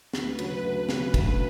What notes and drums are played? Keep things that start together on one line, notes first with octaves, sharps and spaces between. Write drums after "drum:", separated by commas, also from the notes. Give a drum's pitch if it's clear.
D2 B4, drum: snare
C#3 F#3, drum: cymbal
D2 B4
C#3 F#3, drum: snare
D2, drum: kick, cymbal